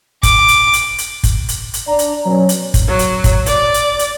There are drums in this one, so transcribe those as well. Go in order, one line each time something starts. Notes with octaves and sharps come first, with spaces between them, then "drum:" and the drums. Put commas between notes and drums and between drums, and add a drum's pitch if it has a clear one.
D6, drum: kick, hi-hat
drum: hi-hat
drum: hi-hat
drum: hi-hat
drum: kick, hi-hat
drum: hi-hat
drum: hi-hat
D4 D5 A#5
drum: hi-hat
B2 F#3 C#4 C#5
drum: hi-hat
drum: kick, hi-hat
F#3
drum: hi-hat
drum: kick, hi-hat
D5, drum: hi-hat
drum: hi-hat
drum: hi-hat